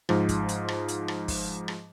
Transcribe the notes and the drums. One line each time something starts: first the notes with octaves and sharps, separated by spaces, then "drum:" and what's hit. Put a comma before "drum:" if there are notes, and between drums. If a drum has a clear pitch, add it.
G#2 F3, drum: rim click
drum: kick, hi-hat
drum: hi-hat
drum: rim click
drum: hi-hat
drum: rim click
drum: kick, open hi-hat
drum: rim click